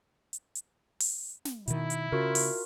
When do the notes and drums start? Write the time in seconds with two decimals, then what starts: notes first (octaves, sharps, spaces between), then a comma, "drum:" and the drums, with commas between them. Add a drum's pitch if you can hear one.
0.33 drum: hi-hat
0.55 drum: hi-hat
1.00 drum: open hi-hat
1.45 drum: snare
1.68 B2 D#3 E4, drum: hi-hat
1.90 drum: hi-hat
2.12 C#3 F4 F#4 A#4
2.35 drum: open hi-hat